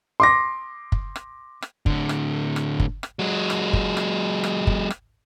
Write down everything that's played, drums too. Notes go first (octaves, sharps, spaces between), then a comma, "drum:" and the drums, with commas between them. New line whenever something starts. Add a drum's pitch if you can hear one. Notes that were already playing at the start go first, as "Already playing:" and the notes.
C6 D6 A#6
drum: kick
drum: rim click
drum: rim click
A2 D3, drum: kick
drum: rim click
drum: rim click
drum: kick
drum: rim click
F#3 G#3
drum: rim click
drum: kick
drum: rim click
drum: rim click
drum: kick
drum: rim click